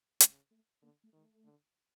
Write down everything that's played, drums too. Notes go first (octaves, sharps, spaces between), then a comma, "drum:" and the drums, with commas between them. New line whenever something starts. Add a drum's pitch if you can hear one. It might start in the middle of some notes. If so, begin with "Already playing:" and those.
C#3 G#3, drum: hi-hat
A3
D3 A#3
A3
D#3 G#3
A3
D3